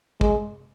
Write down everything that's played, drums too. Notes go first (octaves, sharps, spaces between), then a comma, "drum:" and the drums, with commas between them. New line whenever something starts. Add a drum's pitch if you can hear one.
G#3, drum: kick